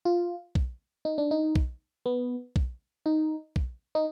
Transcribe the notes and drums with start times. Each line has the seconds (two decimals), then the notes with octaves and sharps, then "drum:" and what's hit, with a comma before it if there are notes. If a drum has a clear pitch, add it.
0.05 F4
0.55 drum: kick
1.05 D#4
1.18 D4
1.31 D#4
1.55 drum: kick
2.06 B3
2.56 drum: kick
3.06 D#4
3.56 drum: kick
3.95 D#4